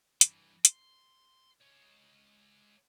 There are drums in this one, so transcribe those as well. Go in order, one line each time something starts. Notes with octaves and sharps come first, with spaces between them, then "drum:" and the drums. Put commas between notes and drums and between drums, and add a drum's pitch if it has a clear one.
G2 E3, drum: hi-hat
C6, drum: hi-hat
G#3 C#5